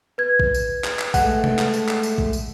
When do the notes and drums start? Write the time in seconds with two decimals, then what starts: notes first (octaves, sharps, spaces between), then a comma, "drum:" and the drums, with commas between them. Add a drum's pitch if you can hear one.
0.18 B4 G#6
0.40 drum: kick A#1
0.54 drum: tambourine
0.84 drum: clap
0.99 drum: clap
1.14 G#3 A3 F#5, drum: kick A#1, tambourine
1.44 drum: tom C3
1.59 drum: clap
1.74 drum: tambourine
1.88 drum: clap
2.03 drum: tambourine
2.18 drum: kick A#1
2.33 drum: tambourine